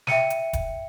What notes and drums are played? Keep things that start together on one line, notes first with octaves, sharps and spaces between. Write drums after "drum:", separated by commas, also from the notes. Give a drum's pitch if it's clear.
E5 G5 C#7 D#7, drum: snare
drum: hi-hat
drum: kick D#1, hi-hat